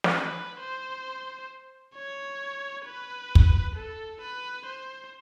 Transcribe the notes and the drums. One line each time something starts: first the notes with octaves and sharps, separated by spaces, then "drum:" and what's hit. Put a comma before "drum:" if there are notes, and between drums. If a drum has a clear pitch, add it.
drum: snare
B4
C5
C#5
B4
drum: kick
A4
B4
C5